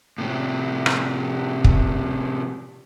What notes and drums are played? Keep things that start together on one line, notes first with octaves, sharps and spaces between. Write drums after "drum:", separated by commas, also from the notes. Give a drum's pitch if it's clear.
A2 C3
drum: rim click
drum: kick